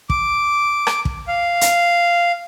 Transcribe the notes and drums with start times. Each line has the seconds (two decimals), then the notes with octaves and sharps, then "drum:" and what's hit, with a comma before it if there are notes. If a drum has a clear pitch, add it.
0.10 D6, drum: kick
0.87 drum: rim click
1.05 drum: kick
1.28 F5
1.61 drum: hi-hat